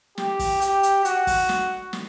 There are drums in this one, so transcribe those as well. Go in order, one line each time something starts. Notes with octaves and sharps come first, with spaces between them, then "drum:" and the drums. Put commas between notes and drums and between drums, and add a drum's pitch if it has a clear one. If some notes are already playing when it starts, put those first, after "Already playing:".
G4, drum: snare
drum: kick, open hi-hat
G4, drum: hi-hat
drum: hi-hat
F#4, drum: hi-hat
drum: kick, open hi-hat
drum: snare
drum: snare